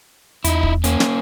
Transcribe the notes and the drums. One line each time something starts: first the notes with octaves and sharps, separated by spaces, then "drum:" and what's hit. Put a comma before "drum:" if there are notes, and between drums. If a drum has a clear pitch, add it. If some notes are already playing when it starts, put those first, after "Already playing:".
E2 D#4 E4, drum: hi-hat
drum: kick
A#3 C#4, drum: hi-hat
drum: snare